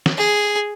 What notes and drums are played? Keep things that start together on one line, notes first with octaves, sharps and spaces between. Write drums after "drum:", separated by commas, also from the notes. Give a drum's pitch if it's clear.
drum: snare
G#4